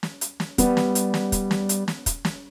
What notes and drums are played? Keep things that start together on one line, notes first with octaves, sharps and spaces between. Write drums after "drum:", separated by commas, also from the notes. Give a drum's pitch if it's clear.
drum: snare
drum: hi-hat
drum: snare
G3 B3, drum: kick, hi-hat
drum: snare
drum: hi-hat
drum: snare
drum: kick, hi-hat
drum: snare
drum: hi-hat
drum: snare
drum: kick, hi-hat
drum: snare